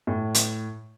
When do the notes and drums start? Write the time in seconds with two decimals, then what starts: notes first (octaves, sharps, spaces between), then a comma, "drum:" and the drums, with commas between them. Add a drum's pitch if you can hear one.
0.07 A2
0.35 drum: hi-hat